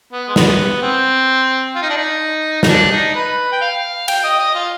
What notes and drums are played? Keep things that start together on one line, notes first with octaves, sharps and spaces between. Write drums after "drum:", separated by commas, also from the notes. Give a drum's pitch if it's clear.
B3
G#3
B3, drum: snare
C4
F4
D#4
D4
D#4
D#4, drum: snare
D4
D#4
B4
G5
F5
G5, drum: cymbal
D#5
D#5
F4